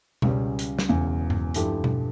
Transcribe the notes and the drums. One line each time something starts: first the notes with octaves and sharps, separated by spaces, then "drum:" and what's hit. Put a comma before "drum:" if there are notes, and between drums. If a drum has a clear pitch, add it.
C#2 C#3 G3 C#4, drum: tom B2
drum: hi-hat
drum: snare
E1 E2 C#3
drum: tom G2
G2 F3 A3 E4 G4, drum: hi-hat
drum: tom B2